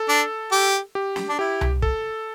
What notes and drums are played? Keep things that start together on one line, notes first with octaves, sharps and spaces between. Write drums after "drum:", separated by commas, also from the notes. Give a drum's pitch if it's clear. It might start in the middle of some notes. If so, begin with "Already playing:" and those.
Already playing: A4
D4
G4
G4
drum: snare
D4
E4 G4
drum: tom C2
A4, drum: kick